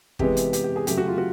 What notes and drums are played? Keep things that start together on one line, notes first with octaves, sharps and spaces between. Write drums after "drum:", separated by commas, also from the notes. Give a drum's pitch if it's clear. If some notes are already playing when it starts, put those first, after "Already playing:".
C3 E3 G#3 B3 G4, drum: kick
drum: hi-hat
G4, drum: hi-hat
G4
G#4
C#3 F#3 A3 G4, drum: hi-hat
F#4
F4
F#4